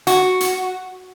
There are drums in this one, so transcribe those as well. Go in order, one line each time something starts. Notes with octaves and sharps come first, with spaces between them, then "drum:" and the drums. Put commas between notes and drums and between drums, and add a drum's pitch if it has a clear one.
F#4, drum: hi-hat
drum: hi-hat